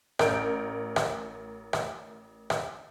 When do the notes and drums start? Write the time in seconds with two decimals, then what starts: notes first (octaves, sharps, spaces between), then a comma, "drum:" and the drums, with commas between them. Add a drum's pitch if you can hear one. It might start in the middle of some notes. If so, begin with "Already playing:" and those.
0.19 A1 A#4 G6 D7, drum: rim click
0.96 drum: rim click
1.73 drum: rim click
2.50 drum: rim click